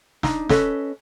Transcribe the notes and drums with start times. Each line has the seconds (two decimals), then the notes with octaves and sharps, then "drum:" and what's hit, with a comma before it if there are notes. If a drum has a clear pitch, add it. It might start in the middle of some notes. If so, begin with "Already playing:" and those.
0.23 D4 D#4, drum: snare
0.49 C#4 A4 B4 D#5, drum: snare